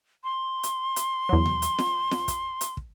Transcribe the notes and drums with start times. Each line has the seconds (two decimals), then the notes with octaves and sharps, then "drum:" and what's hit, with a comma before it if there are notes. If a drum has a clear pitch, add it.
0.24 C6
0.63 drum: hi-hat
0.96 drum: hi-hat
1.29 E2 F#3
1.46 drum: tom D#2
1.62 drum: hi-hat
1.78 drum: snare
2.11 drum: snare
2.28 drum: kick, hi-hat
2.61 drum: hi-hat
2.77 drum: kick